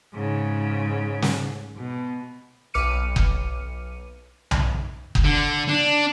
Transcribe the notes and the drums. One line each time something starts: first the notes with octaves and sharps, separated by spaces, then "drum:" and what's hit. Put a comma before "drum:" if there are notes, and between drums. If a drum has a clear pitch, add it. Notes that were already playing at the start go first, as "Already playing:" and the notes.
G#2 C#3
drum: snare
B2
B1 B4 D6 F6 C#7 D#7
drum: kick F#1
drum: tom B1
drum: kick F#1
D3
D4